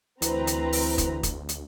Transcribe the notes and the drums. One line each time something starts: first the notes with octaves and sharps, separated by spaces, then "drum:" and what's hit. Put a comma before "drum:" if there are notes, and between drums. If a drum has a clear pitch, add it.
D2 E3 C4 B4 A#5, drum: hi-hat
drum: hi-hat
drum: open hi-hat
drum: kick, hi-hat
drum: kick, hi-hat
drum: hi-hat